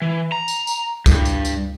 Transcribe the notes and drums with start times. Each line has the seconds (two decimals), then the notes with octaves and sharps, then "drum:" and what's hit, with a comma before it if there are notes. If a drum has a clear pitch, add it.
0.02 E3
0.32 A#5
0.48 drum: tambourine
0.67 drum: tambourine
1.06 G2, drum: kick A1, tambourine
1.25 drum: tambourine
1.45 drum: tambourine